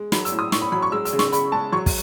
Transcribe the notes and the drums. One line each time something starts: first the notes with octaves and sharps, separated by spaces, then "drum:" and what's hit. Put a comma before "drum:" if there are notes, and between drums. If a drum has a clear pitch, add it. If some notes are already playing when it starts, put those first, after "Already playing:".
Already playing: G#3
F#3 B5, drum: snare
E6, drum: hi-hat
A2
D#6
A2 C#6, drum: snare
B5
F#3 B5
C#6
G#3 E6
E6, drum: hi-hat
C#3
C#6, drum: snare
C#3 B5, drum: hi-hat
G#3 A5
F#3 C#6
drum: kick, open hi-hat